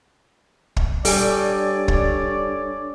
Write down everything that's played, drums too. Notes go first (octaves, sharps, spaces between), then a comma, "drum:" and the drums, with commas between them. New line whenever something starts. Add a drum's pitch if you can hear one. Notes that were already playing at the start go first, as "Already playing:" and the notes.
drum: kick
G3 D4 A4 C#5 D5 G#5, drum: open hi-hat
drum: kick